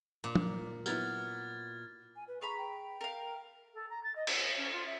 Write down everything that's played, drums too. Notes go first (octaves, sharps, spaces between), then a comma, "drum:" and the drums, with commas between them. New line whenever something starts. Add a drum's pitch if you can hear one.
A#2 D6
drum: tom
F#3 B3 E4 F6 G#6 A6, drum: tambourine
G#5
B4
G#4 A#5 B5 C#6
G5
A#4 F5
A4
A#5
A6
D#5
A4, drum: cymbal
A#6
C#4
F4
E5